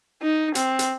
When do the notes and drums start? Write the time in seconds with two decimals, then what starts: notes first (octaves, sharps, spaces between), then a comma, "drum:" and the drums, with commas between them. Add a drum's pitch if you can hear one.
0.22 D#4
0.55 C4, drum: hi-hat
0.79 drum: hi-hat